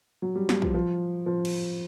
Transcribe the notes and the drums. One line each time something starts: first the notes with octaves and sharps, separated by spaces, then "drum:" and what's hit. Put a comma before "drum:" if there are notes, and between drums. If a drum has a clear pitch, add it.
F#3
G3
G3, drum: snare
F3, drum: kick
F3
F3
drum: cymbal